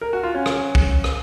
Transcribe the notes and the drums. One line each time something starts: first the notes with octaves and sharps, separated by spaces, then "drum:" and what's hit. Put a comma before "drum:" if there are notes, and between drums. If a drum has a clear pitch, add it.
A#4
F#4
F4
C#4
drum: rim click
drum: kick
drum: rim click